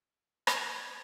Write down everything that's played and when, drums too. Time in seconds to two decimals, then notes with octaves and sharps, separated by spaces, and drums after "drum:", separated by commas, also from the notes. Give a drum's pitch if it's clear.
0.47 G#6, drum: rim click